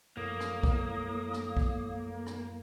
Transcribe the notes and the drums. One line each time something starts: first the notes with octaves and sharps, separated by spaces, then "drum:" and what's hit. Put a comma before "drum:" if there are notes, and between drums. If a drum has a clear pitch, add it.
F#2 A2 F3 G#3 A#3 D#6
drum: rim click
drum: kick
drum: rim click
drum: kick
drum: rim click